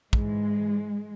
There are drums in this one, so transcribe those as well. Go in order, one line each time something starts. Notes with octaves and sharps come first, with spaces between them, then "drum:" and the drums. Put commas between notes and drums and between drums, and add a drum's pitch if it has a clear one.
G#2 E3 G#3, drum: kick